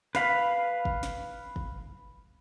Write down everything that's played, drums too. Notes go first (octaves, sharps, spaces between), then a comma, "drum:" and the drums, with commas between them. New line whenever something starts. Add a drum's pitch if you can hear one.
B4 F5 B5, drum: snare
drum: kick
drum: snare
drum: kick